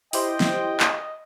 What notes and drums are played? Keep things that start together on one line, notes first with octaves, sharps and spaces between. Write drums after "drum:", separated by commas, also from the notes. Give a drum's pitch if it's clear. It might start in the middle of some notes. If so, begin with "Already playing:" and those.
E4 G4 C5 D#5 G5, drum: open hi-hat
drum: snare
drum: clap